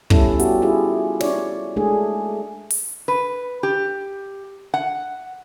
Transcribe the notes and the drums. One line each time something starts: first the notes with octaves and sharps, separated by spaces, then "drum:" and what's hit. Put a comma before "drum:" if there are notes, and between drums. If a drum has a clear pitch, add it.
G3 B3 C#4 E4 A4, drum: kick
B3 F#4 G4, drum: hi-hat
E4 F4 G#4
C#5 D5, drum: snare
G#3 A3 D4 G#4
drum: open hi-hat
B4
G4
F#5